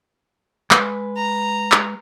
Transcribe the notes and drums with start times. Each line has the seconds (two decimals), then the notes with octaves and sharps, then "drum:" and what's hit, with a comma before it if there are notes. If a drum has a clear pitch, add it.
0.71 G#3 B4, drum: clap
1.17 A#5
1.72 drum: clap